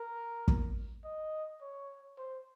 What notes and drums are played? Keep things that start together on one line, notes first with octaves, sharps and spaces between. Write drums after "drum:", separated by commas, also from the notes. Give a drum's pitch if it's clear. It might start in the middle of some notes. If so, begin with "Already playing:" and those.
Already playing: A#4
drum: kick
D#5
C#5
C5